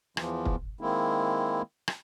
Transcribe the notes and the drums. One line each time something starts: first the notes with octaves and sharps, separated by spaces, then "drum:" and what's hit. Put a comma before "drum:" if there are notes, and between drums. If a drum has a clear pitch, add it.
E2 E3 F3, drum: rim click
drum: kick
D#3 G#3 A#3 C4 E4
drum: rim click